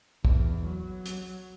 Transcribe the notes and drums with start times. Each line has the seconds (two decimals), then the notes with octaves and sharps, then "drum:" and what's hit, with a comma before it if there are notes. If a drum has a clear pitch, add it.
0.25 E2, drum: kick
0.65 F#3
1.06 drum: hi-hat